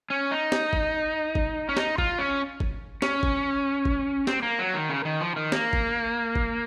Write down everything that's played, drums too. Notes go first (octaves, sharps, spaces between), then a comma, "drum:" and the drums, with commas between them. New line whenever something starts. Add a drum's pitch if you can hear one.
C#4
D#4
drum: snare
drum: kick G1
drum: kick G1
C#4
D#4, drum: snare
F4, drum: kick G1
C#4
drum: kick G1
C#4, drum: snare
drum: kick G1
drum: kick G1
C4, drum: snare
A#3
F#3
D#3
C#3
D#3
F3
D#3
A#3, drum: snare
drum: kick G1
drum: kick G1